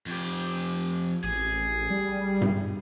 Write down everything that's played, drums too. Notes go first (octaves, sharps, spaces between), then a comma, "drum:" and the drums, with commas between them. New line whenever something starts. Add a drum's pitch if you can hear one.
F2 G4
A1 G#4
G3
drum: tom G2